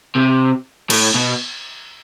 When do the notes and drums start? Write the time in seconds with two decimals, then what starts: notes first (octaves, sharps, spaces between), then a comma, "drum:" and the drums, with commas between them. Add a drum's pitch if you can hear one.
0.16 C3
0.90 A2, drum: cymbal
1.14 B2